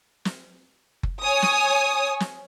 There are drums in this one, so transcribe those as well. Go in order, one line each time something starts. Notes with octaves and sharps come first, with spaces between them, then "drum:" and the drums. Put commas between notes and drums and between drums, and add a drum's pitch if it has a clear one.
drum: snare
drum: kick F#1
C#5 G#5 D#6
drum: snare
drum: snare